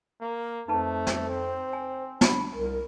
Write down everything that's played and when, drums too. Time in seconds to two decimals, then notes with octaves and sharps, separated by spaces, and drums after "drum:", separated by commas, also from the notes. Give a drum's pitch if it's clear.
0.21 A#3
0.68 F2 A3 D#4 B4 C5 A5
1.07 drum: snare
1.30 C4
1.73 G#5
2.21 D4 B5, drum: snare
2.54 C2 A#4